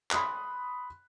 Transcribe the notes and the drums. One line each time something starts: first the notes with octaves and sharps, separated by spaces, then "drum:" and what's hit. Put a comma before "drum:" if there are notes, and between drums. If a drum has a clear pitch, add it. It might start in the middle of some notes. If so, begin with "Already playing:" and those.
B5 C6 D#6 F#6, drum: clap